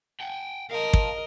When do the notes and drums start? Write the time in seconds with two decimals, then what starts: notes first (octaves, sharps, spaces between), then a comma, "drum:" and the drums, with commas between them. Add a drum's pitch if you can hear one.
0.20 F#5 G5
0.71 A#4 D#5 F5 A5
0.93 drum: kick